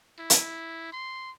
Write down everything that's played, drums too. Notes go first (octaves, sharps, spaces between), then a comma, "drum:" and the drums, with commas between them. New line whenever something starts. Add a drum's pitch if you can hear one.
E4
drum: hi-hat
C6